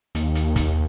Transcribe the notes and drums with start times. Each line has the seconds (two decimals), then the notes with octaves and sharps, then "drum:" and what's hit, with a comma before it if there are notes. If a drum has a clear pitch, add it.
0.15 D#2, drum: hi-hat
0.35 drum: hi-hat
0.56 drum: kick, hi-hat